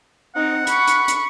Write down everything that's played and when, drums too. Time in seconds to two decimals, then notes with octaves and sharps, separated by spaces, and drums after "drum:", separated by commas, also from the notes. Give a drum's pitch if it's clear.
0.36 C4 D#4 F#5
0.67 B5 C#6, drum: hi-hat
0.87 drum: hi-hat
1.08 drum: hi-hat